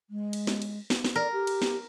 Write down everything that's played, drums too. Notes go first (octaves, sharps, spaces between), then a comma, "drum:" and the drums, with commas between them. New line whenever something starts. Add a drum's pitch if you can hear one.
G#3
drum: cymbal
drum: snare
drum: cymbal
drum: snare
drum: snare
A#4 D5
G4
drum: cymbal
drum: snare